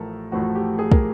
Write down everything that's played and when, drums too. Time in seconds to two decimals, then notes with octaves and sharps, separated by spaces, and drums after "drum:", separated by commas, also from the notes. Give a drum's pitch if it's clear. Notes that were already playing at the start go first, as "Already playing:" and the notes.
Already playing: A1 A2 F3 A3 A4 A#4
0.32 A1 A2 F3 A3 F#4
0.55 G4
0.79 G#4
0.92 A#4, drum: kick